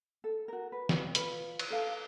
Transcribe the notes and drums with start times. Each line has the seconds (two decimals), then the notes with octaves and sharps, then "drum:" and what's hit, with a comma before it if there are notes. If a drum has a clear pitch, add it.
0.24 A4
0.48 F#4 A#4
0.72 B4
0.89 drum: snare E3
1.15 F4 B4, drum: hi-hat
1.59 drum: cymbal
1.70 A4 F5 A5